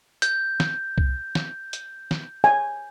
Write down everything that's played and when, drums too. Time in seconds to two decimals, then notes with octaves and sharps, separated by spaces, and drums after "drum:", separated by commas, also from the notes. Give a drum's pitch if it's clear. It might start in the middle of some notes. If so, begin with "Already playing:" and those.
0.22 G6, drum: hi-hat
0.60 drum: snare
0.98 drum: kick C2
1.35 drum: snare
1.73 drum: hi-hat
2.11 drum: snare
2.44 G#5